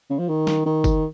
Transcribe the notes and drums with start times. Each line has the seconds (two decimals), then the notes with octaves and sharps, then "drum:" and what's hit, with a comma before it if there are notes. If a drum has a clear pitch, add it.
0.10 C#3
0.19 F3
0.29 D#3
0.47 drum: snare G3
0.66 D#3
0.84 drum: kick F#1, tambourine